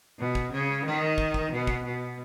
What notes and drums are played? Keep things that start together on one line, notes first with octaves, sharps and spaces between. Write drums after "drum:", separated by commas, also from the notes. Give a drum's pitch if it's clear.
B2
drum: kick
C#3
D#3
drum: kick
drum: kick
B2
drum: kick
B2